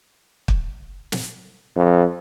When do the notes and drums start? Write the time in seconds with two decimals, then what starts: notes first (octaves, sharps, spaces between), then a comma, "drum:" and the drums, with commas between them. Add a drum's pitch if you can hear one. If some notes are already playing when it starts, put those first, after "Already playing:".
0.48 drum: kick
1.12 drum: snare
1.76 F2